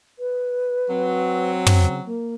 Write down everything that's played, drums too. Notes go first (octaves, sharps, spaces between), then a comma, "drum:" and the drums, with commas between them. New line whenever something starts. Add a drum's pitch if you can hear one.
B4
F#3 C4
drum: tom
C#3
A#3